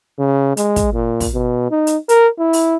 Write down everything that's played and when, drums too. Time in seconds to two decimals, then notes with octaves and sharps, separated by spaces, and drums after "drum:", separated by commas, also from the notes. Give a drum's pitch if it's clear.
0.18 C#3
0.57 G#3, drum: hi-hat
0.76 drum: kick, hi-hat
0.94 A#2
1.20 drum: kick, open hi-hat
1.34 B2
1.71 D#4
1.87 drum: hi-hat
2.09 A#4, drum: hi-hat
2.39 E4
2.53 drum: open hi-hat